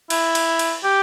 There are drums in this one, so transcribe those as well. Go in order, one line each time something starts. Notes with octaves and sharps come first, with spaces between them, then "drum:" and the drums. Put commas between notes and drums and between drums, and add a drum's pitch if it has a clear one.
E4, drum: cymbal
drum: cymbal
drum: cymbal
G4